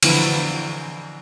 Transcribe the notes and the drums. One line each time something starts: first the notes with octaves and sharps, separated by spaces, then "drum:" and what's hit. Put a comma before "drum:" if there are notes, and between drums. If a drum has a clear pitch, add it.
D3 E3 F3 B3 E4, drum: cymbal